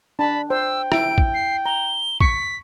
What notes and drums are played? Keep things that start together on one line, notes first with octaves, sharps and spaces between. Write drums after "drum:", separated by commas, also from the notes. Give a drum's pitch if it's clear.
D4 A5 B5
C5 G5 E6
E4 E5 D7, drum: rim click
drum: kick
C7
A#5 G7
C#6 B6, drum: kick